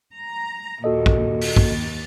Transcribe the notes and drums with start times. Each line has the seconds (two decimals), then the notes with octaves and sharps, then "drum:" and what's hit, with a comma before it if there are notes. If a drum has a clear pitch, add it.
0.14 A#5
0.84 D#2 A#2 F#4 A4 D#5
1.06 drum: kick
1.41 drum: open hi-hat
1.56 D#2 A6, drum: kick